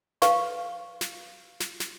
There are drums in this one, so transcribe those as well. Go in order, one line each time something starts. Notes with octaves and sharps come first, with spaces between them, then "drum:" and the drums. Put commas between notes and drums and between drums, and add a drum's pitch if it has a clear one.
B4 F5 C#6, drum: snare
drum: snare
drum: snare
drum: snare